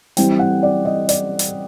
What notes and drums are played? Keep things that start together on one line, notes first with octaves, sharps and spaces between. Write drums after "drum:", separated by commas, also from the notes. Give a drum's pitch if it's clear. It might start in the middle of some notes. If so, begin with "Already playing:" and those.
E3 G3 C4 G5, drum: hi-hat
F#5
D5
D#5
D5, drum: hi-hat
drum: hi-hat